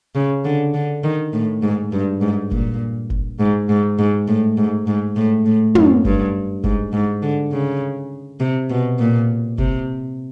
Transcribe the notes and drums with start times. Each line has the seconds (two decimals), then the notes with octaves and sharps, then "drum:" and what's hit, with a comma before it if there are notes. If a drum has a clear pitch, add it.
0.15 C#3
0.45 D3
0.74 D3
1.04 D#3
1.33 A2
1.63 G#2
1.92 G2
2.21 G#2
2.51 A#2, drum: kick F#1
3.10 drum: kick F#1
3.39 G#2
3.69 G#2
3.98 G#2
4.28 A2
4.57 G#2
4.87 G#2
5.16 A2
5.46 A2
5.75 F#2, drum: tom
6.05 G2, drum: kick F#1
6.64 G#2, drum: kick F#1
6.93 G#2
7.22 D3
7.52 C#3
8.40 C3
8.70 B2
8.99 A#2
9.58 C3, drum: kick F#1